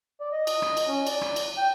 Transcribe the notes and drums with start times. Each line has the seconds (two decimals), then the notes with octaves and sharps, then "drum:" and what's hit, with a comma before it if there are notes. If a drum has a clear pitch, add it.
0.21 D5
0.33 D#5
0.47 drum: cymbal
0.62 drum: rim click
0.77 drum: cymbal
0.88 C#4
1.07 D5, drum: cymbal
1.21 drum: rim click
1.36 drum: cymbal
1.57 G5